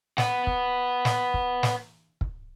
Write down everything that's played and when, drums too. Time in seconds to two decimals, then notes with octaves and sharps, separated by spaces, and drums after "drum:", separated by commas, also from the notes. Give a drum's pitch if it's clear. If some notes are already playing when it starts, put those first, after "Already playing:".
0.18 B4 F#5, drum: snare
0.47 drum: kick
1.05 drum: snare
1.34 drum: kick
1.63 drum: snare
2.21 drum: kick